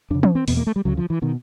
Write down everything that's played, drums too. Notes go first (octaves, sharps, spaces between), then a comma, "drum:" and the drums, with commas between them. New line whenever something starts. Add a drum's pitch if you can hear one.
F2 C#3 D4
C#4, drum: tom
C4
E2 B2 B3, drum: open hi-hat
A#3
A3
G3
D2 C#3 F#3
F3
E3
B2 D#3